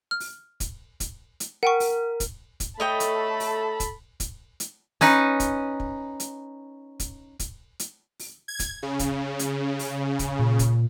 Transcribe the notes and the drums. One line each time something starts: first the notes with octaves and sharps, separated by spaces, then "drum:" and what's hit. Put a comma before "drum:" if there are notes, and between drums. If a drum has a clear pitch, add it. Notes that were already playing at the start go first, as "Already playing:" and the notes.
F6
drum: open hi-hat
drum: kick, hi-hat
drum: kick, hi-hat
drum: hi-hat
A#4 F#5 G5 C#6
drum: open hi-hat
drum: kick, hi-hat
drum: kick, hi-hat
A3 A4 C#5 D#5 G5 A5 B5
drum: hi-hat
drum: open hi-hat
drum: kick, hi-hat
drum: kick, hi-hat
drum: hi-hat
C#4 D#4 B4, drum: open hi-hat
drum: kick, hi-hat
drum: kick
drum: hi-hat
drum: kick, hi-hat
drum: kick, hi-hat
drum: hi-hat
drum: open hi-hat
G#6
drum: kick, hi-hat
C#3
drum: kick, hi-hat
drum: hi-hat
drum: open hi-hat
drum: kick, hi-hat
A#2
drum: kick, hi-hat